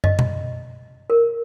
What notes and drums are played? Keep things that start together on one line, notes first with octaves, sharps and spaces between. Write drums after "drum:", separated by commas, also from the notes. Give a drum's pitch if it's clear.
D#5, drum: tom
drum: tom B2
A#4